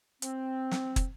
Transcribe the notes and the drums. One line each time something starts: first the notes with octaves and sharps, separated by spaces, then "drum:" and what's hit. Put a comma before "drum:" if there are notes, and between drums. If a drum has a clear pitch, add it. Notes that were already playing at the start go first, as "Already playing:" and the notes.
C4, drum: hi-hat
drum: snare
drum: kick, hi-hat